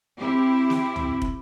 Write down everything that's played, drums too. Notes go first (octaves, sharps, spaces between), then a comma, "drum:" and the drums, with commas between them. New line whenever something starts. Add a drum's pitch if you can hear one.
C4 E4 G4
drum: snare
drum: tom
drum: kick